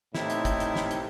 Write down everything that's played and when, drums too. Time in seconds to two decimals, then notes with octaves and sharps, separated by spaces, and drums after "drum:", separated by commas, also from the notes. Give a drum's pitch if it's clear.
0.15 D#2 A2 C3 D#4 E4, drum: snare
0.30 drum: hi-hat
0.45 drum: kick, hi-hat
0.60 drum: hi-hat
0.76 drum: snare
0.91 drum: hi-hat